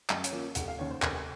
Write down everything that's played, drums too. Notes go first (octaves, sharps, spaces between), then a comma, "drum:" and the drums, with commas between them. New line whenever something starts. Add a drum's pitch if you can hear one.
F#2 D#5, drum: clap
C#5, drum: hi-hat
F3 A#3 C#4
F1 F#5, drum: hi-hat
F5
D#2 C#3 C#5
C5
F1 A#4, drum: clap
A4